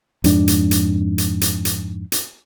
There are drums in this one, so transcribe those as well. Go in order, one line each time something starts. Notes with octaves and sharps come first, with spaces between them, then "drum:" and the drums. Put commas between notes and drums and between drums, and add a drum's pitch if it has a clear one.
F2 G#2 D4, drum: hi-hat
drum: hi-hat
drum: hi-hat
drum: hi-hat
drum: hi-hat
drum: hi-hat
drum: hi-hat